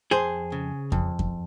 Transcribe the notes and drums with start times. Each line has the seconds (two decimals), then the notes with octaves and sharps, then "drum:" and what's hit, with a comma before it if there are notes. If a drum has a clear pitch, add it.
0.11 F2 G#4 C5
0.52 C#3
0.92 F2, drum: kick F2
1.19 drum: kick F2